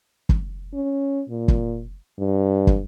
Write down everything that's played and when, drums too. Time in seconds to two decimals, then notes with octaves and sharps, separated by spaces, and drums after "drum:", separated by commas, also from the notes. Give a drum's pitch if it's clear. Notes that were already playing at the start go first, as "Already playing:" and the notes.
0.29 drum: kick
0.74 C#4
1.29 A#2
1.48 drum: kick
2.18 G2
2.67 drum: kick